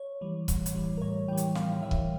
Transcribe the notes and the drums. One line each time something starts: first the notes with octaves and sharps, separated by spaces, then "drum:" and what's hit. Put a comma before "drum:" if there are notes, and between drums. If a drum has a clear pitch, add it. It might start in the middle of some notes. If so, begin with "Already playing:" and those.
Already playing: C#5
E3 G3
A2, drum: kick C#1, hi-hat
drum: hi-hat
E3 G3
A#4
A2 C#5
E3 G3 G5
drum: hi-hat
A2 F5, drum: snare
E3 G3 E5
drum: kick C#1